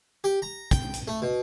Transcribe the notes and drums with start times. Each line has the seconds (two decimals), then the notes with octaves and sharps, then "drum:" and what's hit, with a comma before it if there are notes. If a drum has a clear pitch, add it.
0.24 G4
0.42 A#5
0.71 G5, drum: kick, hi-hat
0.94 drum: hi-hat
1.08 A3
1.22 B2